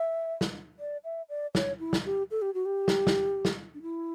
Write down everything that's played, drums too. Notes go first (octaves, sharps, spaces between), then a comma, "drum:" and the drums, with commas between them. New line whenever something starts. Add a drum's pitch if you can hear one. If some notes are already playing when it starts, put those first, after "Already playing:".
Already playing: E5
drum: snare
D5
E5
D5
C#5, drum: snare
E4
drum: snare
G4
A4
G4
F#4
G4
drum: snare
drum: snare
drum: snare
D4
E4